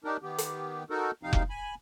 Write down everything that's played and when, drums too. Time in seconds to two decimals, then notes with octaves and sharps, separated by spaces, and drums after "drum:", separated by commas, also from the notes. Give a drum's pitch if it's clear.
0.04 D4 D#4 G4 A#4
0.22 D#3 B3 G4
0.38 drum: hi-hat
0.90 D#4 F#4 A4 A#4
1.23 D2 C3 F3 C4 D#4 F5
1.33 drum: kick F1
1.50 G#5 B5